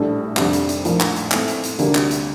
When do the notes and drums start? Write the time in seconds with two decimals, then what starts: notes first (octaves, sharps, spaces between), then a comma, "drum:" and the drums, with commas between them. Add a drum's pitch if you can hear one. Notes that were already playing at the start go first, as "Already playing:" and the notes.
Already playing: A#1 A2 G3 D4 A4
0.37 F2 C3 D#3 G3 D4, drum: clap
0.53 drum: hi-hat
0.69 drum: hi-hat
0.85 A#1 A2 F3 A#3, drum: hi-hat
1.00 drum: clap
1.16 drum: hi-hat
1.32 A2 A3 C4, drum: clap
1.48 drum: hi-hat
1.63 drum: hi-hat
1.79 D2 C3 G3 A#3 D4, drum: hi-hat
1.95 drum: clap
2.11 drum: hi-hat